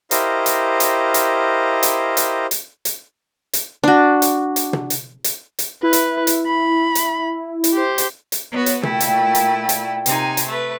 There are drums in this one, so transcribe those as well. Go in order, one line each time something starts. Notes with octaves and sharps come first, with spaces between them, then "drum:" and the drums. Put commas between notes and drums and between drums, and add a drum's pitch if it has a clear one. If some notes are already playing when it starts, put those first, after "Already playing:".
E4 G4 A#4 C5 D#5 F5, drum: hi-hat
drum: hi-hat
drum: hi-hat
drum: hi-hat
drum: hi-hat
drum: hi-hat
drum: hi-hat
drum: hi-hat
drum: hi-hat
D4 F#4
drum: hi-hat
drum: hi-hat
drum: tom
drum: hi-hat
drum: hi-hat
drum: hi-hat
E4 B4
drum: hi-hat
drum: hi-hat
B5
drum: hi-hat
drum: hi-hat
G4 C5
drum: hi-hat
drum: hi-hat
B3 F#4 B4 C#5
drum: hi-hat
A#2 A3 E4 G5, drum: tom
drum: hi-hat
drum: hi-hat
drum: hi-hat
C3 D#4 G#5, drum: hi-hat
drum: hi-hat
A3 B4